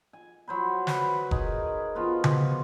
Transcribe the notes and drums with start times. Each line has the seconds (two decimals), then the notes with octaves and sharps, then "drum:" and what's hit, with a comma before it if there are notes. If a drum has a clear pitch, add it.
0.13 G#5
0.48 F#3 C5 B5
0.87 B4, drum: snare
1.31 D#4 G#4 A#4, drum: kick F1
1.95 F3 B3 F4 F#4
2.24 drum: tom C#3